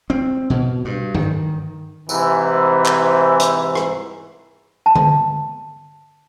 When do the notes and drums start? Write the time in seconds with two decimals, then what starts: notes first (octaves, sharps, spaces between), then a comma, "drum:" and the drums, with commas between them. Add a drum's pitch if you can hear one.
0.10 C4
0.50 B2
0.85 G2
1.15 D#3, drum: tom G2
2.09 G#2 C3 E3, drum: tambourine
2.86 drum: clap
3.40 drum: hi-hat
3.75 drum: rim click
4.86 A5
4.95 drum: tom D3